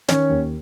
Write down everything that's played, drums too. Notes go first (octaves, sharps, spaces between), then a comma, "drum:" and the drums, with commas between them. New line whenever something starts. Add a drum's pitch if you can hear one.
D#3 C#4 C#5, drum: snare
D#2